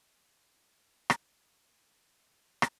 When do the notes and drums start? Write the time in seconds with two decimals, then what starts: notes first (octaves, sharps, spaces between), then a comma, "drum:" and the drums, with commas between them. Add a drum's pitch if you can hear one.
0.14 C#3 G3 E4 F#4 C#5
1.10 drum: rim click
2.62 drum: rim click